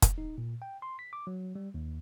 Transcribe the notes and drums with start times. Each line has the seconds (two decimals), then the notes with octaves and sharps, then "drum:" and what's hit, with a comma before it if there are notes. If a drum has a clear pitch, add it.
0.02 drum: kick, hi-hat
0.18 D#4
0.38 A#2
0.62 G5
0.82 C6
0.99 B6
1.13 D6
1.27 F#3
1.55 G3
1.74 D#2